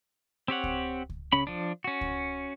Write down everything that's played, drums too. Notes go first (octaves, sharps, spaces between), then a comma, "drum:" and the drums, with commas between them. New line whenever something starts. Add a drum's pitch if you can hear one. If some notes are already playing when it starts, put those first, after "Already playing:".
C4 G4 C#5 F#5
drum: kick C#2
drum: kick C#2
C#3 C#4 B5
F3 D4
C#4 F#4
drum: kick C#2